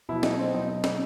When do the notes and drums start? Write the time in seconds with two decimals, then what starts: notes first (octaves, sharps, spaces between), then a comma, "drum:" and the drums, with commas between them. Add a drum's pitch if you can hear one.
0.09 B2 F#3 E4
0.23 D#4, drum: snare
0.39 C4
0.53 B2 F#3 D#4
0.68 D#4
0.84 D#4, drum: snare